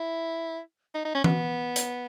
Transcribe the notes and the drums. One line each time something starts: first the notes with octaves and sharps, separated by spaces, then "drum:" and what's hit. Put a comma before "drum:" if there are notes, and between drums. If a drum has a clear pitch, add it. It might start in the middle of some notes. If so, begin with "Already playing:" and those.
Already playing: E4
D#4
D#4
C#4
B3, drum: tom E3
drum: hi-hat